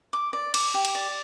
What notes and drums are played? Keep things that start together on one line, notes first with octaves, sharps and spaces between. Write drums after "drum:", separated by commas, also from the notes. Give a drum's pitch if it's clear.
D6
D5
D6, drum: cymbal
G4
drum: cymbal
D5